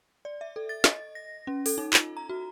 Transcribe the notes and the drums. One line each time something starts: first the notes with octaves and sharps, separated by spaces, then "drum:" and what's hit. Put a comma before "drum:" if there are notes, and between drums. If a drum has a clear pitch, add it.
D5
E5
A4
A6
D#5, drum: snare
A#6
C#4
A4, drum: open hi-hat
D#4
F4, drum: clap
A#5
F#4